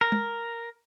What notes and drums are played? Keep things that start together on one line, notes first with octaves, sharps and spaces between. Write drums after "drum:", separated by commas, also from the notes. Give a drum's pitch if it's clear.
A#4
drum: tom G#3